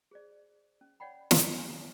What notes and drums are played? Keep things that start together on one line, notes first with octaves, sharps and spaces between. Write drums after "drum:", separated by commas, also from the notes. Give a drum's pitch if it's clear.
G#4 C5 D5
C#4
C#5 D5 F#5 G5 B5
drum: snare
G#5